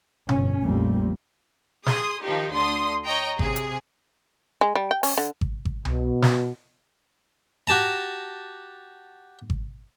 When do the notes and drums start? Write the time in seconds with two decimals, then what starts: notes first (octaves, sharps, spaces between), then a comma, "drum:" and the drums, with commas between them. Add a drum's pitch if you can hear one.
0.29 G1 C#4, drum: tom B2
0.60 A#1 F2 G3 A3 A#3 C4
1.86 G#4 C6 D#6, drum: snare
2.23 D#3 F3 D#4 G4
2.53 D2 D3 C6 D#6
3.05 C#5 D#5 G5 A#5
3.39 C3 G#4, drum: kick G#1
3.56 drum: hi-hat
4.61 G#3
4.75 G3
4.91 G5
5.03 C#4, drum: open hi-hat
5.18 D3
5.41 drum: kick G#1
5.65 drum: kick G#1
5.85 B2, drum: tom C2
6.22 drum: snare
7.67 F#4 G4 A5 A#5
9.50 drum: kick G#1